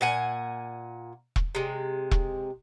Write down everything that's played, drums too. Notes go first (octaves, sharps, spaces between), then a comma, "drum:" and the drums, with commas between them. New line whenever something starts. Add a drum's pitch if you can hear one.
A#2 F#5 G#5
drum: kick E1
C3 G#3
drum: kick E1